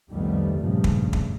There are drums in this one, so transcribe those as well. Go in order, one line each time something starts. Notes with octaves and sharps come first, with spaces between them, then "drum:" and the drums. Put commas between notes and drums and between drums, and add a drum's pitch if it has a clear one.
C2 F2 D#3 G3 A3 B3
G2 A#2 C#3 F3 G3 A3
drum: kick
drum: kick